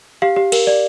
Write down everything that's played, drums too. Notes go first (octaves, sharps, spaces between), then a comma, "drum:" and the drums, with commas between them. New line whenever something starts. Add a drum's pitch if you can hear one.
G4 F5
G4
A#4, drum: cymbal
D5